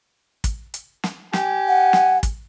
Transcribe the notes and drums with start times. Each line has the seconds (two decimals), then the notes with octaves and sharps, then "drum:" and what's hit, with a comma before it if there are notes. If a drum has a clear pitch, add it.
0.44 drum: kick, hi-hat
0.74 drum: hi-hat
1.04 drum: snare
1.33 G4 G#5, drum: snare
1.68 F#5
1.93 drum: snare
2.23 drum: kick, hi-hat